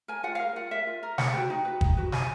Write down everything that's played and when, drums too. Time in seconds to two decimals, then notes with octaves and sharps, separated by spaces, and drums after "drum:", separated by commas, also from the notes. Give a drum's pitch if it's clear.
0.08 A#4 G#5
0.23 F4 F#5
0.35 A#4 F5
0.56 F4 F#5
0.71 A#4 E5
0.87 F4
1.03 A#4
1.18 D#4 F#5, drum: snare
1.33 F#4 B4 G5
1.50 D#4
1.65 F#4 B4
1.81 D#4, drum: kick
1.97 F#4 B4
2.12 D#4 G#5, drum: snare